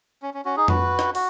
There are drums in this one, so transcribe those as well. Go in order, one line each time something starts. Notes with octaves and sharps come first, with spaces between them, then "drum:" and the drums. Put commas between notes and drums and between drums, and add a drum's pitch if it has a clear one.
C#4
C#4
C#4 F#4
D#4 G#4
F#4 B4, drum: tom F2
drum: rim click
F#4, drum: open hi-hat